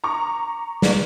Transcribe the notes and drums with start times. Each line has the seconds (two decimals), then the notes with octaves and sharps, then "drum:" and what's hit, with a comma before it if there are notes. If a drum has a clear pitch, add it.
0.04 A#5 C#6 D6
0.82 drum: snare